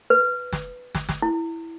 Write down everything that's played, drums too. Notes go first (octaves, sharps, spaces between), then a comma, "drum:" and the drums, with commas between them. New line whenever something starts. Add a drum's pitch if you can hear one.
B4
drum: snare
drum: snare
drum: snare
E4